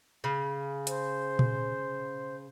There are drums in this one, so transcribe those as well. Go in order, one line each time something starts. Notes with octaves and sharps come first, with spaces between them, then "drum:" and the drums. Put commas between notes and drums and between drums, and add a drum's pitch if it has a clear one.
C#3
C5, drum: hi-hat
drum: tom A#2